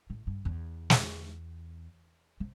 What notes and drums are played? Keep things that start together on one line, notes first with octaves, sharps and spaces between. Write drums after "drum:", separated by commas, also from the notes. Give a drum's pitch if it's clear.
A2
G2
E2
drum: snare
C3